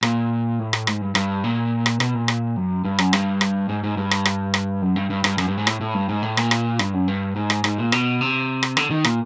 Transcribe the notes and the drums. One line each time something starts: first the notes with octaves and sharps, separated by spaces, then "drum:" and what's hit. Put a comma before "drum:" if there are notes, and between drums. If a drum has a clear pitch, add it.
A#2, drum: rim click
A2
drum: rim click
G#2, drum: rim click
G2
G2, drum: rim click
A#2
drum: rim click
B2, drum: rim click
A#2
drum: rim click
F#2
G2
F#2, drum: rim click
G2, drum: rim click
drum: rim click
G#2
G#2
G2
drum: rim click
drum: rim click
drum: rim click
F#2
G2
G2
G2, drum: rim click
F#2, drum: rim click
G2
G#2
A2, drum: rim click
A2
G2
G#2
A2
A#2, drum: rim click
drum: rim click
G2, drum: rim click
F#2
G2
G#2
drum: rim click
G#2, drum: rim click
A#2
B2, drum: rim click
C3
drum: rim click
D3, drum: rim click
D#3
A#2, drum: rim click